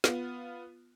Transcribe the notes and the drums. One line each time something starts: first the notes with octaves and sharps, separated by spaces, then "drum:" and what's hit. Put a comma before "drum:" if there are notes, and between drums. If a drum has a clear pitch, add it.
B3 F4, drum: snare